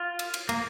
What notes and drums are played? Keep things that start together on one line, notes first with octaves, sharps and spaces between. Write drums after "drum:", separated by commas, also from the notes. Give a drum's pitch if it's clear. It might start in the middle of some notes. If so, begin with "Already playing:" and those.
Already playing: F4
drum: cymbal
drum: cymbal
A#3, drum: cymbal